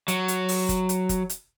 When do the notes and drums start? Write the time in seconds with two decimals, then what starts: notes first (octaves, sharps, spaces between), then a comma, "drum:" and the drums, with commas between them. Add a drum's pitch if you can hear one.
0.08 F#3, drum: hi-hat
0.28 drum: hi-hat
0.48 drum: open hi-hat
0.69 drum: kick F#1, hi-hat
0.89 drum: hi-hat
1.09 drum: kick F#1, hi-hat
1.30 drum: hi-hat